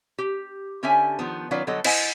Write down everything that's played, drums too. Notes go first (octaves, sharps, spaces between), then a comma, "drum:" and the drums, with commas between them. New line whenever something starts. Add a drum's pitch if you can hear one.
G4
D3 C#4 G4 A4 E5 G#5
D#3 F3 B3
D#3 F#3 C#4 F4 B4 D5
D3 F#3 G3 B3 A4 D#5
E4 C5 D#5 F#5 G#5, drum: cymbal